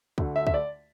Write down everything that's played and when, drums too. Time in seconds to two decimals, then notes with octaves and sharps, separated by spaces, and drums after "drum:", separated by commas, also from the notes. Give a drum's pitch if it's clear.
0.18 D2 D3 A3, drum: kick
0.36 E5
0.47 E5, drum: kick
0.54 D5